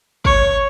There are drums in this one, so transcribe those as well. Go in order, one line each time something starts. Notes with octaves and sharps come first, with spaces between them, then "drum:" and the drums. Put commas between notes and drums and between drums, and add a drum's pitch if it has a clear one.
C#5, drum: kick